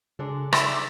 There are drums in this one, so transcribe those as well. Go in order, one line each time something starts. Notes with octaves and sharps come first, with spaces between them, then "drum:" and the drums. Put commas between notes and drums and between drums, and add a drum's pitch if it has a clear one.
C#3 G#3 D4 A4
D#4 D5 E5, drum: rim click